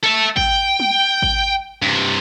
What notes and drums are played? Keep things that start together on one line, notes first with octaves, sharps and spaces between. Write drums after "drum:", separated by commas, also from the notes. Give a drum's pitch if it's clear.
A4 E5
G5, drum: kick G#1
drum: tom
drum: kick G#1
G2 C3